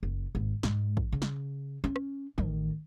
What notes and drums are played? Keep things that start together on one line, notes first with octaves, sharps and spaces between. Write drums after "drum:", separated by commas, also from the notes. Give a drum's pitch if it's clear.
F#1
G#1
G#2 G#3, drum: snare
drum: kick
C#3
drum: snare
C#4
drum: rim click
A1 D#3, drum: tom